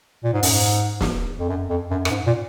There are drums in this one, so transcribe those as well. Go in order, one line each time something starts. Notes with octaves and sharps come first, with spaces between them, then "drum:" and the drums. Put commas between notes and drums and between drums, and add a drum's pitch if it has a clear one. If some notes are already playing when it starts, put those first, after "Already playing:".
A#2
G#2
F#2, drum: open hi-hat
G#2
drum: snare
F2
F#2
F2
F#2
F#2, drum: rim click
G#2
A#2